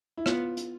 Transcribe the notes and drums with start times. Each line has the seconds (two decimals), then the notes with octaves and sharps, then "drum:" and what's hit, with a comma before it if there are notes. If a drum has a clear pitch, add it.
0.17 E4
0.26 B3 F4, drum: rim click
0.57 drum: hi-hat